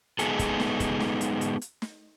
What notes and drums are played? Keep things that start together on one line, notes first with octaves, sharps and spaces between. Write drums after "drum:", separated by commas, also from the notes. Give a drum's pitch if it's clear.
G#3 B3 D#4 G#4 A4, drum: hi-hat
drum: kick, hi-hat
drum: snare
drum: kick, hi-hat
drum: snare
drum: hi-hat
drum: hi-hat
drum: hi-hat
drum: snare